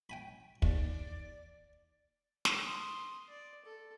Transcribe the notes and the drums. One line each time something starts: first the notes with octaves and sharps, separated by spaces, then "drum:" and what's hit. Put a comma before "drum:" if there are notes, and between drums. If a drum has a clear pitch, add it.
G5 G#5 B5
D#2 D5, drum: kick
drum: snare
C6 D#6
D5
A4